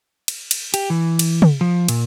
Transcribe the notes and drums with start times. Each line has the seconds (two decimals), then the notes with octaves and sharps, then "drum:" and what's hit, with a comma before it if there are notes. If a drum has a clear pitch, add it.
0.28 drum: cymbal
0.51 drum: cymbal
0.74 G4, drum: cymbal
0.90 E3
1.19 drum: cymbal
1.42 drum: tom
1.61 F3
1.89 A#2, drum: cymbal